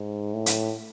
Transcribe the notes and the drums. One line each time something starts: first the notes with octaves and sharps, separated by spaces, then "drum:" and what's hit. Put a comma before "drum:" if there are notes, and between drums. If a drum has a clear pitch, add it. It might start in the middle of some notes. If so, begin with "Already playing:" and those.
Already playing: G#2
A2
drum: hi-hat